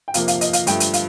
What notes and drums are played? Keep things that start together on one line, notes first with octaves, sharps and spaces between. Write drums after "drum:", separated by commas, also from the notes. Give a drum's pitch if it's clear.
G5
F2 C3 F3 A#3 F5, drum: hi-hat
F5, drum: hi-hat
D#5, drum: hi-hat
F5, drum: hi-hat
G2 F3 A3 G5, drum: hi-hat
drum: hi-hat
F5, drum: hi-hat